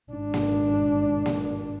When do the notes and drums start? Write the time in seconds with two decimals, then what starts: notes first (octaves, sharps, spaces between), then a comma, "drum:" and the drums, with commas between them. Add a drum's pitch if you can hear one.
0.11 G#1 D4
0.34 drum: snare A#3
1.26 drum: snare A#3